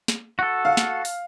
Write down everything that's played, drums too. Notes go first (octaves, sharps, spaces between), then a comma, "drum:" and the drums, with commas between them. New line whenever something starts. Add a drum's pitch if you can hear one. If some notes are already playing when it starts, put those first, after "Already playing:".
drum: snare
F#4 A4
F5
drum: snare
drum: open hi-hat